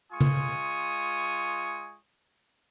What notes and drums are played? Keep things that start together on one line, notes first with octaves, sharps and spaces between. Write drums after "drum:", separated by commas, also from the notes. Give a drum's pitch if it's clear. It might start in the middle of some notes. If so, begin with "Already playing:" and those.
G#3 F4 G#5 C#6 D#6
drum: tom C#3